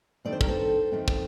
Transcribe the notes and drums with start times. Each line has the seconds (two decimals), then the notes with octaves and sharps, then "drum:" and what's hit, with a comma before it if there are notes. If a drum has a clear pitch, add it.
0.25 G2 D#3 A3 C4 D5
0.32 C5
0.41 A#4, drum: kick
0.48 A4 C5
0.92 F2 D#3 A3 C4
1.08 drum: kick